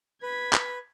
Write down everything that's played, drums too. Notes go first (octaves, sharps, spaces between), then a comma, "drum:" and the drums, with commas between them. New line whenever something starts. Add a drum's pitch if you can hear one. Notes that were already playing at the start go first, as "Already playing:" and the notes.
B4 G#6 B6
drum: clap